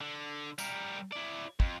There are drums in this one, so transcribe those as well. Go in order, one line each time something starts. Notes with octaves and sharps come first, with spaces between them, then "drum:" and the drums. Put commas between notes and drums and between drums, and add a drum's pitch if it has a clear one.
D3
G3 A#4, drum: tambourine
E4 D5
F2, drum: kick